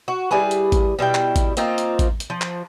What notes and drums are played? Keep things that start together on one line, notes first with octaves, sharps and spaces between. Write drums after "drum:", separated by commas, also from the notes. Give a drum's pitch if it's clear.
F#4
G3 E4 G#4 B4
drum: hi-hat
drum: kick A1, hi-hat
B2 G3 E4 G5
drum: clap
drum: kick A1, hi-hat
A#3 C4 D#4 F4, drum: hi-hat
drum: hi-hat
drum: kick A1, hi-hat
drum: hi-hat
F3
drum: clap